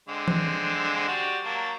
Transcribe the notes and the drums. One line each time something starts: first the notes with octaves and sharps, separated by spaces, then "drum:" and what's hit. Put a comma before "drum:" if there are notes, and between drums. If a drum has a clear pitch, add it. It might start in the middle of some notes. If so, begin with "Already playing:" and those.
D3 G#3 C4
drum: tom E3
F#4 G4 D5
F#3 A#3 A5